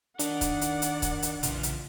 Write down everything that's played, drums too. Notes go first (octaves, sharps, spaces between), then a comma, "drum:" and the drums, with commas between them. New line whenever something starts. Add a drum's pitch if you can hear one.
D#3 D4 D5 F#5, drum: hi-hat
drum: kick C#1, hi-hat
drum: hi-hat
drum: hi-hat
drum: kick C#1, hi-hat
drum: hi-hat
A#1 A#2 C#3 E3 F4, drum: hi-hat
drum: hi-hat